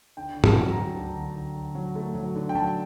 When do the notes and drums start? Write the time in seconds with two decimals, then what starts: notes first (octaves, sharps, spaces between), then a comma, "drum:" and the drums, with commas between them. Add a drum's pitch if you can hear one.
0.17 D3 G5
0.36 D2
0.44 A5, drum: tom G#2
0.57 F#3
0.70 A#5
0.77 D3
0.96 D2
1.16 D2
1.36 D2
1.56 D2
1.75 F#3
1.95 A3
2.15 F#3
2.36 D3
2.49 G5
2.55 F#3 A5